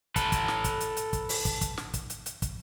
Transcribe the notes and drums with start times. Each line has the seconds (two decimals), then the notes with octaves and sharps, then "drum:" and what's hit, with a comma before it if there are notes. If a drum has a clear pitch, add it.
0.16 A4 B4, drum: kick, hi-hat
0.32 drum: kick, hi-hat
0.48 drum: snare
0.64 drum: kick, hi-hat
0.81 drum: hi-hat
0.97 drum: hi-hat
1.13 drum: kick, hi-hat
1.29 drum: open hi-hat
1.45 drum: kick, hi-hat
1.61 drum: kick, hi-hat
1.77 drum: snare
1.94 drum: kick, hi-hat
2.10 drum: hi-hat
2.26 drum: hi-hat
2.42 drum: kick, hi-hat